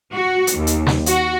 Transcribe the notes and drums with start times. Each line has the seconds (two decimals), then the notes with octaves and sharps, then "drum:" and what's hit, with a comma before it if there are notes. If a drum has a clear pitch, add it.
0.12 F#4
0.47 drum: hi-hat
0.57 D#2
0.67 drum: hi-hat
0.87 drum: snare
1.06 F#4, drum: hi-hat